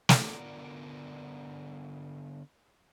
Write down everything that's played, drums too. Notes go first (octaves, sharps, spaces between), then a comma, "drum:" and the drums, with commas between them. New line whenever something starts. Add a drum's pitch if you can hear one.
drum: snare
D3 B3 F4 A#4 D5